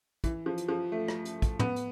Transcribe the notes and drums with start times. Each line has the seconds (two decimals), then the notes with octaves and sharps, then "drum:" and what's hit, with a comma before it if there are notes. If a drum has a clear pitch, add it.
0.24 E3, drum: kick, hi-hat
0.46 F3
0.58 drum: hi-hat
0.69 F3
0.92 A3
1.08 drum: rim click
1.25 drum: hi-hat
1.42 drum: kick, hi-hat
1.59 B3, drum: tom
1.76 drum: hi-hat